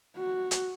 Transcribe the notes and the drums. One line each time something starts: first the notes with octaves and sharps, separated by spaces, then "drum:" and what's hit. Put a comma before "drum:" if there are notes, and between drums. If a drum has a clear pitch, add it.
F#4
drum: hi-hat